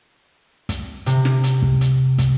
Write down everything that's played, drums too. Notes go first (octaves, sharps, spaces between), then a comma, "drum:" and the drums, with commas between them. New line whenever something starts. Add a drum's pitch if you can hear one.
drum: kick, hi-hat
C3, drum: hi-hat
drum: snare
drum: hi-hat
drum: kick
drum: hi-hat
drum: kick, hi-hat